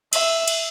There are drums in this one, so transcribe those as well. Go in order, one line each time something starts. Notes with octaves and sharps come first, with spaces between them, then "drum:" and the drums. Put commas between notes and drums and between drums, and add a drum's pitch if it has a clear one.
E5, drum: cymbal
drum: cymbal